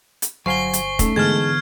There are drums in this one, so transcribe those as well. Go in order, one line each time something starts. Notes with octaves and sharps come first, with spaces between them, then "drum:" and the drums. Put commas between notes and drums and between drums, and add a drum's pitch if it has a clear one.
drum: hi-hat
G1 F#3 C5 F5 G#5 C#6 C7 G7
drum: hi-hat
A3 C#4 D#4, drum: kick, hi-hat
G#2 D3 E3 G#3 B3 A5 F6 G#6